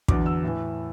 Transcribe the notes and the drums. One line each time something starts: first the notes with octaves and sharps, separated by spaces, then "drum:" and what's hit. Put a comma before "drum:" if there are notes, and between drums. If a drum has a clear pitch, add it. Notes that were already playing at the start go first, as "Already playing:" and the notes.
E2 D3 F#3 D6, drum: kick
E6
A2 E3